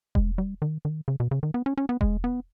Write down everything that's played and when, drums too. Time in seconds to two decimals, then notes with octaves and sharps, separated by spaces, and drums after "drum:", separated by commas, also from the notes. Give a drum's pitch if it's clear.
0.15 G#3, drum: kick E1
0.38 G3
0.62 D#3
0.85 D#3
1.08 C#3
1.20 B2
1.31 C#3
1.43 D#3
1.54 B3
1.66 C#4
1.78 C#4
1.89 B3
2.01 G#3, drum: kick E1
2.24 B3